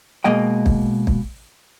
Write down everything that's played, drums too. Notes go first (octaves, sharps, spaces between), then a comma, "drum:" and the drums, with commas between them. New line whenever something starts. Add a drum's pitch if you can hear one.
B2 G#3 A#3 D#5 G5
drum: kick
drum: kick